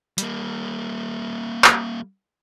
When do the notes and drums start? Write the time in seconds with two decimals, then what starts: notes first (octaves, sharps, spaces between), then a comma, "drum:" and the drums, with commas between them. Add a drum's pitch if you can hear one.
0.18 G3 A#3, drum: hi-hat
1.64 drum: clap